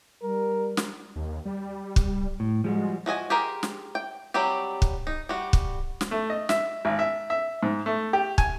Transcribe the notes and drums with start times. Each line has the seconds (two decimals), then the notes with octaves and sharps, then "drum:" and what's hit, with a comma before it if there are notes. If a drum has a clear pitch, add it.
0.23 G3 A#4
0.77 drum: snare
1.16 D#2
1.45 G3
1.96 drum: kick
2.40 A2
2.64 F3 G3 G#3 F#4
3.06 F3 F#4 D#5 G#5
3.30 G4 G#4 A#4 C5
3.63 drum: snare
3.95 G5
4.34 F#3 G3 C4 G4
4.82 drum: kick
5.07 D#4
5.29 G3 F#4
5.53 drum: kick
6.01 drum: snare
6.11 A3
6.30 D#5
6.49 E5, drum: snare
6.85 G#1
6.99 E5
7.30 E5
7.63 G#2
7.86 A3
8.13 G4
8.38 G#5, drum: kick